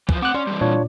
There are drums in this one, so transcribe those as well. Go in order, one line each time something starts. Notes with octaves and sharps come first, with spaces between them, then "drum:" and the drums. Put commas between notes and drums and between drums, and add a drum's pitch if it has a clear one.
E3 F3, drum: kick
C4 F#5 D6 F#6
C#4 D5 C6
G2 E3
A#2 D4 F4 C#5